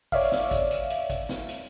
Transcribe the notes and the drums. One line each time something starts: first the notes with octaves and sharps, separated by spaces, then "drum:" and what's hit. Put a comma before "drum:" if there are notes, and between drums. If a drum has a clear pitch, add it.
C#5 D5 E5 F5, drum: kick, open hi-hat
drum: snare
drum: kick, hi-hat
drum: hi-hat
drum: hi-hat
drum: kick, hi-hat
drum: snare
drum: hi-hat